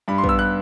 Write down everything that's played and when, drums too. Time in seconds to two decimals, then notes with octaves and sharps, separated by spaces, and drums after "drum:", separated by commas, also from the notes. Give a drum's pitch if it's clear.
0.08 G2 B5
0.18 C6
0.24 B3, drum: kick
0.29 E6
0.39 F#6